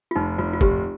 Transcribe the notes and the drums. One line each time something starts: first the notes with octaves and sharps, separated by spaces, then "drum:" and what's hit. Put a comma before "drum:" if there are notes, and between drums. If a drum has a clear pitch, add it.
F4
F1 D#4
F1 F4
F4
F1 G4, drum: kick